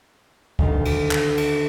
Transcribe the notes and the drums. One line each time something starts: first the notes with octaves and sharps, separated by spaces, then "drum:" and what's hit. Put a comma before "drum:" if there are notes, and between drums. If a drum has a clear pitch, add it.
D2 D#3 F#4 F5 A5 C6, drum: kick
drum: cymbal
drum: clap
drum: cymbal